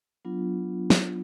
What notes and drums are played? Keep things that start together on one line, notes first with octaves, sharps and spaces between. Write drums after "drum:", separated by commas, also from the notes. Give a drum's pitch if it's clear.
F#3 B3 D4 F4
drum: snare